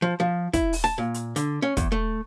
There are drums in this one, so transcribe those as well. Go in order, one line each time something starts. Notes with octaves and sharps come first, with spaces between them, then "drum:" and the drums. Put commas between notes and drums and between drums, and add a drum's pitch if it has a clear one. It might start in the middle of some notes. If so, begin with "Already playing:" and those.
F3
F3
E4, drum: kick, hi-hat
drum: open hi-hat
A5
A#2
drum: hi-hat
D3, drum: hi-hat
C#4
E2, drum: kick, hi-hat
A3